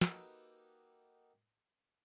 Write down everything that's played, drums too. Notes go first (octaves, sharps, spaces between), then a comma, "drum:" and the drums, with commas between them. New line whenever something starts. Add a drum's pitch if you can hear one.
A#3 D#4 F#4 G4 A4 B4, drum: snare